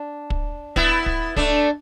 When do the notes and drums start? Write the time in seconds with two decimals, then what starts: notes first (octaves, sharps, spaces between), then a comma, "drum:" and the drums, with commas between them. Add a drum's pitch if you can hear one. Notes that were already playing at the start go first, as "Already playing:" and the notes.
Already playing: D4
0.30 drum: kick
0.76 B3 E4, drum: kick
1.06 drum: kick
1.36 A3 D4, drum: kick